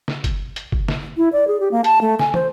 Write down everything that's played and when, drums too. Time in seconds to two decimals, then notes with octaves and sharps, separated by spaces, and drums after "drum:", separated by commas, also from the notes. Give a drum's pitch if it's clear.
0.08 drum: snare
0.24 drum: kick F#1, hi-hat
0.56 drum: hi-hat
0.72 drum: kick F#1
0.88 drum: snare
1.17 E4
1.32 D5
1.47 G#4
1.60 G4
1.71 A#3
1.84 A5, drum: hi-hat
2.01 A3
2.19 G#5, drum: snare
2.34 C5, drum: tom